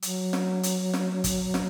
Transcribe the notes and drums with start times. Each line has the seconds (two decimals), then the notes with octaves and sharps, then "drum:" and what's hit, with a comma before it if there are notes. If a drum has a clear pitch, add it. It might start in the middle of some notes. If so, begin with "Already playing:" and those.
0.02 F#3, drum: hi-hat
0.33 drum: snare
0.63 drum: hi-hat
0.94 drum: snare
1.24 drum: kick, hi-hat
1.54 drum: snare